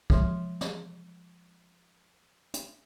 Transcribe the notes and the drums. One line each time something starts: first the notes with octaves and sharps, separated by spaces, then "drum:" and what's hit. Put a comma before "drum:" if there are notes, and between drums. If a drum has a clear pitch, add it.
F3 G#3 C6, drum: kick
drum: snare
drum: hi-hat